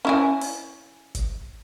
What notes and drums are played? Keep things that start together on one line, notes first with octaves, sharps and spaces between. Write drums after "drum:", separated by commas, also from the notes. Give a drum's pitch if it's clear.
C#4 E4 G#5
drum: open hi-hat
drum: kick G1, hi-hat